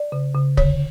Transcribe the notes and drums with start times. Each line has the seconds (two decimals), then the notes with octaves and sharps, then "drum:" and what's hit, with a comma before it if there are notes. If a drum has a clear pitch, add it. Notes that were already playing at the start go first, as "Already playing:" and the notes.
Already playing: D5
0.12 C#3
0.34 C#3
0.57 D3 C#5, drum: kick